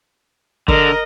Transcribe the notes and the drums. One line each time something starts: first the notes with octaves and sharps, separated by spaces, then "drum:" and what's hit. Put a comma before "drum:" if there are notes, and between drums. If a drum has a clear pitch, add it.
D3 A#4 D#5, drum: kick